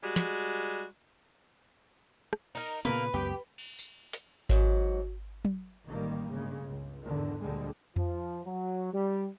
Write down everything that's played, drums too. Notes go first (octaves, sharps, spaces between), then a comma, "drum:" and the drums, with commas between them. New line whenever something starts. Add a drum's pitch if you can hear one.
G3 G#3 F#4
drum: snare
drum: rim click
D#4 A#4, drum: cymbal
A#2 C#3 A#3 B3 A#4 B4
C#2 F#2 B3 G4
drum: cymbal
drum: tambourine
drum: hi-hat
G#2 F#3, drum: kick G#1
drum: tom F#3
A1 D#3 G3 A#3
G1 C#3 G#3
C#2
E2 G#2 D3 D#3
D2 A#2 D3 G3 G#3
F3, drum: tom F2
F#3
G3